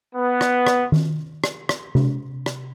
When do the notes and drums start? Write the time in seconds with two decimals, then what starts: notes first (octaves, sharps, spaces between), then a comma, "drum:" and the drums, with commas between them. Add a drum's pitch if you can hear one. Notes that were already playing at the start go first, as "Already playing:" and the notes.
0.15 B3
0.41 drum: rim click
0.67 drum: rim click
0.92 drum: tom D#3
1.44 drum: rim click
1.69 drum: rim click
1.95 drum: tom C3
2.46 drum: rim click